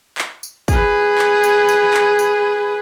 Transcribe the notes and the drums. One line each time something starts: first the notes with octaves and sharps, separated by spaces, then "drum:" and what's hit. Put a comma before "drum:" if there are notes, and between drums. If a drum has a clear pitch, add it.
drum: clap
drum: tambourine
G#4 B4, drum: kick, tambourine
drum: clap
drum: tambourine
drum: tambourine
drum: clap
drum: tambourine